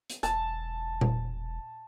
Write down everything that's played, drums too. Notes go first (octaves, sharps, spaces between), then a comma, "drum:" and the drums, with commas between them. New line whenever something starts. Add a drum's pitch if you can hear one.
drum: hi-hat
E1 A5, drum: hi-hat
drum: tom A#2